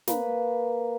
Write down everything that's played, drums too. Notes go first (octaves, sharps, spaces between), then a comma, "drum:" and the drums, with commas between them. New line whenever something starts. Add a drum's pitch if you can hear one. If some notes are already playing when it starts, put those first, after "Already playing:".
A#3 B4 B5, drum: snare